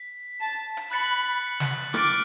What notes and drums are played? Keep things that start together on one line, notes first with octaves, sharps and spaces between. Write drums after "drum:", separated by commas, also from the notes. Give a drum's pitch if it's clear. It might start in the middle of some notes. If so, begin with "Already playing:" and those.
Already playing: B6
A5
drum: hi-hat
B5 F#6 A6 C#7 F#7
drum: snare
D6 F6 A6 D7, drum: rim click